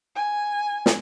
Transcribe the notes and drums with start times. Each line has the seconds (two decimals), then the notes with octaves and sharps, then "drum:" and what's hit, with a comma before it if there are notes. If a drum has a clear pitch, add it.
0.16 G#5
0.86 drum: snare